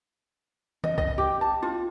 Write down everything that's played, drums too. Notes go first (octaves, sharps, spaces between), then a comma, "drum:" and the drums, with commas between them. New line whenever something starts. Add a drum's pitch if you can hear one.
D#5, drum: tom D#3
D#5, drum: kick B1
G4
A5
F4